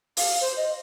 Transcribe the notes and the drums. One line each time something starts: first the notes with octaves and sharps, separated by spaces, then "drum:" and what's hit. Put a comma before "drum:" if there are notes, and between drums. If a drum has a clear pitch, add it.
F5, drum: open hi-hat
C5
D#5